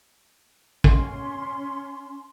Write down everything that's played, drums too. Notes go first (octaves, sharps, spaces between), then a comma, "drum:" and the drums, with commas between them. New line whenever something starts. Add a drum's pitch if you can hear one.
C#4 C6, drum: kick